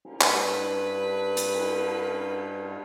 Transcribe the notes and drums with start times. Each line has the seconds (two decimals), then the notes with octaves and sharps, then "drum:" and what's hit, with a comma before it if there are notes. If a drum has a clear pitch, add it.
0.05 drum: cymbal
0.21 G2 B4, drum: clap
1.37 drum: hi-hat
1.54 drum: cymbal